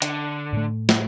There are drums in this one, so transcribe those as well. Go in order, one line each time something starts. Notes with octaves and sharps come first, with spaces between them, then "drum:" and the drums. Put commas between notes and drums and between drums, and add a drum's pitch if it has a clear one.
D3, drum: hi-hat
A2 A3
drum: snare